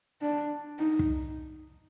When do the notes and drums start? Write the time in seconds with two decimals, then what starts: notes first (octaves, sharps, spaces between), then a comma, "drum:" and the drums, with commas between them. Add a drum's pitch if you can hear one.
0.22 D4
0.79 D#4
0.99 drum: kick